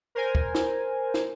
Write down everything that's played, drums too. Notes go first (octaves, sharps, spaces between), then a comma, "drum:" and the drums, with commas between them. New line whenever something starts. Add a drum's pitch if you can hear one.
A#4 C5 G#5
drum: kick
drum: snare
drum: snare